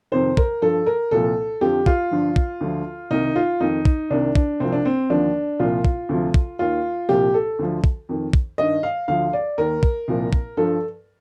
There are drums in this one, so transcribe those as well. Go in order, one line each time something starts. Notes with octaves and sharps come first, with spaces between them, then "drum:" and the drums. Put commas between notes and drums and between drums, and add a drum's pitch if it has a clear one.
F2 C3 D#3 C5
A#4, drum: kick
G2 F3 A4
A#4
C2 A#2 F3 A4
F2 D3 F3 G4
F4, drum: kick
G2 D3 F3
drum: kick
D2 D3 F3
C2 C3 D#3 D#4
F4
F2 D#3 D#4
drum: kick
C2 C3 D#3 D4
D4, drum: kick
C2 C3 F3 C4
D4
C4
D#2 D3 F3 D4
C2 A#2 F3 F4
drum: kick
D2 C3 F3
drum: kick
D#2 D#3 F4
C2 A#2 F3 G4
A4
D2 D3 F3
drum: kick
F2 D#3
drum: kick
G2 D#3 D#5
F5
D2 D3 F3 F5
D5
D#2 D#3 A#4
drum: kick
C2 A#2 F3
drum: kick
G2 F3 A4